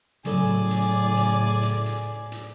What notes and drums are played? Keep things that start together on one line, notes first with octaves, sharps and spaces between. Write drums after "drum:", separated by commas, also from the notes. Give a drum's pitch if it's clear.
A2 C#3 F#3 G#4 A4 D5, drum: hi-hat
drum: hi-hat
drum: hi-hat
drum: hi-hat
drum: hi-hat
drum: hi-hat